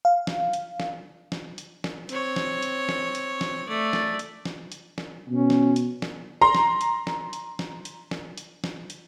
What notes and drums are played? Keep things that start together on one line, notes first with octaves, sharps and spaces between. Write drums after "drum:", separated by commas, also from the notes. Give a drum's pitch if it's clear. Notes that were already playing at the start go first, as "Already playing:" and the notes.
F5
drum: snare
drum: hi-hat
drum: snare
drum: snare
drum: hi-hat
drum: snare
C4 C#5, drum: hi-hat
drum: snare
drum: hi-hat
drum: snare
drum: hi-hat
drum: snare
A3 D5
drum: snare
drum: hi-hat
drum: snare
drum: hi-hat
drum: snare
B2 C#4
drum: snare
drum: hi-hat
drum: snare
A#5 C6
drum: snare
drum: hi-hat
drum: snare
drum: hi-hat
drum: snare
drum: hi-hat
drum: snare
drum: hi-hat
drum: snare
drum: hi-hat